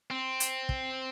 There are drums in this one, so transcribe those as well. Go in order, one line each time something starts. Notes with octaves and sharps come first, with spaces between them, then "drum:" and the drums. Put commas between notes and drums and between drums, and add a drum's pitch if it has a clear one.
C4
drum: hi-hat
drum: kick